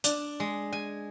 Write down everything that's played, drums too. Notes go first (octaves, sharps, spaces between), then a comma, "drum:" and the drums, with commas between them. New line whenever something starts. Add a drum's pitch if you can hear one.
D4, drum: hi-hat
G#3
G#5